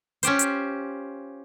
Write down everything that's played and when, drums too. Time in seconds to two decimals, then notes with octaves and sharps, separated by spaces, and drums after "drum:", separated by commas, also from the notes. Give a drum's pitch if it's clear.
0.23 C#4 F4 G4 C5, drum: hi-hat
0.39 drum: hi-hat